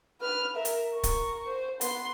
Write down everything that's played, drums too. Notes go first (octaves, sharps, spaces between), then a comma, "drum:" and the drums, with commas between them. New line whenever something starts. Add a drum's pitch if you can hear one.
B4 F6
A#4 E5
drum: hi-hat
A#4 C#6
drum: kick C#1, hi-hat
C5
B3 C6, drum: hi-hat